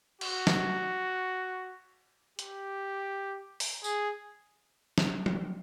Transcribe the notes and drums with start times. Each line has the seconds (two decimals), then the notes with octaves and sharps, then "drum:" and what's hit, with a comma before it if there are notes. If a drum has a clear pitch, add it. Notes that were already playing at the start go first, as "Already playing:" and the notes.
0.21 F#4, drum: cymbal
0.47 drum: snare
2.39 G4, drum: hi-hat
3.60 drum: open hi-hat
3.84 G#4, drum: tambourine
4.98 drum: snare
5.26 drum: tom F3